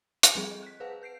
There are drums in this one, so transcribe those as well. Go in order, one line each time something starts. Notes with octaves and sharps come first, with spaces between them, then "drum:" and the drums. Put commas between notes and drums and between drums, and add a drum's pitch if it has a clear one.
G#5 C#6, drum: hi-hat
F3 G3 C4 G#4 A4
D#5
F#6 B6
G#4 B4 C5 F5 F#5
B4 G6 C7 D7